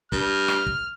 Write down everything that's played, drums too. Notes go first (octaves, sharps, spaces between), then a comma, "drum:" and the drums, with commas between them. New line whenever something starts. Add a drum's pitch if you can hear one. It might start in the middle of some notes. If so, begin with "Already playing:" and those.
G2 F6, drum: kick
drum: rim click
drum: kick